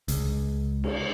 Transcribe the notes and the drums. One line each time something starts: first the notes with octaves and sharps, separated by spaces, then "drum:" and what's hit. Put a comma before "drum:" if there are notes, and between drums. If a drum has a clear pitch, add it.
C#2, drum: hi-hat
drum: cymbal